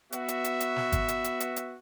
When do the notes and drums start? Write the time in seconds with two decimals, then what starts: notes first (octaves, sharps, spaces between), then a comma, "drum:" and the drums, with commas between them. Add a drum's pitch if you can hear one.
0.12 B3 F#4 E5, drum: hi-hat
0.28 drum: hi-hat
0.44 drum: hi-hat
0.60 drum: hi-hat
0.76 drum: snare
0.92 drum: kick, hi-hat
1.08 drum: hi-hat
1.24 drum: hi-hat
1.40 drum: hi-hat
1.56 drum: hi-hat